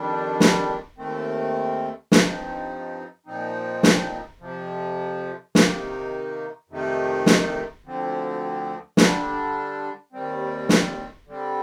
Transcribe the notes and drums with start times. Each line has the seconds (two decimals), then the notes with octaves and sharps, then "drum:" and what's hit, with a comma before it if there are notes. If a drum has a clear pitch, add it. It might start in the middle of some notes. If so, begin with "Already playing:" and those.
Already playing: F2 D#3 G3 D4
0.40 drum: snare
0.98 D#2 D#3 A3 C4
2.12 G2 F3 C4 D#4, drum: snare
3.26 A#2 F3 C4 D#4
3.83 drum: snare
4.40 F2 C3 F3
5.55 C3 D#3 A#3 D#4, drum: snare
6.69 F2 C3 D#3 A3 D#4
7.26 drum: snare
7.84 D2 D3 F3 C4
8.97 D3 G3 D4, drum: snare
10.12 D#2 D#3 G3 C4
10.69 drum: snare
11.27 D3 G3 C4